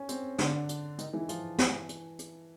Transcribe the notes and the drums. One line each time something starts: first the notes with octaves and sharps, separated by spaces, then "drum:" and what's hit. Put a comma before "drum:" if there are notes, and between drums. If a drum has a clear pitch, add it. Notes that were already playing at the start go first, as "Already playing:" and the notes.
Already playing: C#4
C4, drum: hi-hat
D3 D4, drum: snare
drum: hi-hat
D#3 D#4, drum: hi-hat
E3 E4
F3 F4, drum: hi-hat
E3 E4, drum: snare
drum: hi-hat
drum: hi-hat